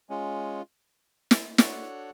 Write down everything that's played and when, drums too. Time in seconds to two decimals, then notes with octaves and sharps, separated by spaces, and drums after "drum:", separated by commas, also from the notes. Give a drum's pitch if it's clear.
0.10 G#3 C#4 F4
1.31 drum: snare
1.58 D4 F#4 A4 C#5 F#5, drum: snare